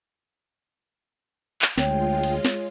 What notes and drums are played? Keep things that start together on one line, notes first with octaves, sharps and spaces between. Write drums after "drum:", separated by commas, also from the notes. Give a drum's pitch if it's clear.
drum: clap
D2 G#3 F4 C#5 G5, drum: snare
drum: cymbal
drum: snare